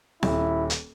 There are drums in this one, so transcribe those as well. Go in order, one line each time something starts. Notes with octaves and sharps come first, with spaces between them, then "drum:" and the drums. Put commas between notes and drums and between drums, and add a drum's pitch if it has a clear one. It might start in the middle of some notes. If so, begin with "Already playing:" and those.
D#1 E4, drum: snare C4
drum: hi-hat